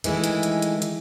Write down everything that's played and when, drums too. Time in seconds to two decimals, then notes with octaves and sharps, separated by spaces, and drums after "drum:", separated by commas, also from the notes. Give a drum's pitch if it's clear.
0.04 D#3 E3 G#3 A3 E4, drum: hi-hat
0.24 drum: hi-hat
0.43 drum: hi-hat
0.62 drum: hi-hat
0.82 drum: hi-hat